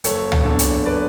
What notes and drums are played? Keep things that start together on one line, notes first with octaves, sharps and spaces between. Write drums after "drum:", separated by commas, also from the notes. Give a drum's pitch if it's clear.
F#1 A4 C#5, drum: hi-hat
drum: tom C#2
E2 D3 A4 C#5
drum: hi-hat
B4 D5